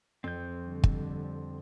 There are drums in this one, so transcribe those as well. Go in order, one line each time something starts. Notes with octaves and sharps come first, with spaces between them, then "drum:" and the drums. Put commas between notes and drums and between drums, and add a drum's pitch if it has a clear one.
F2 C4 G6
D3 G3
drum: kick